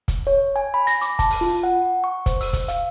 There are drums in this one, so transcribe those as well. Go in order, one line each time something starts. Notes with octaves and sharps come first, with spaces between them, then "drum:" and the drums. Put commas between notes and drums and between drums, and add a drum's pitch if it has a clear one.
drum: kick, hi-hat
C#5
G#5
B5
A#6, drum: hi-hat
D6, drum: hi-hat
A5, drum: kick, hi-hat
drum: open hi-hat
F4
F#5
C#6
C5, drum: kick, hi-hat
E6, drum: open hi-hat
drum: kick, hi-hat
F5, drum: hi-hat